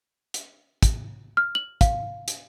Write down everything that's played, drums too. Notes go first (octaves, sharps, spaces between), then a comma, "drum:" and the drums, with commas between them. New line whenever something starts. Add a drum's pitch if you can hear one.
drum: hi-hat
drum: kick, hi-hat
F6
F#7
F5, drum: kick, hi-hat
drum: hi-hat